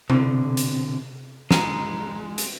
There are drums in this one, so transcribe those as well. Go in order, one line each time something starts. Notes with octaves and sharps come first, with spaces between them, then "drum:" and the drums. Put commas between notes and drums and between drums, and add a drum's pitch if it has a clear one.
B2 D3 C4, drum: tom C3
drum: hi-hat
G#3 A#5, drum: snare
drum: hi-hat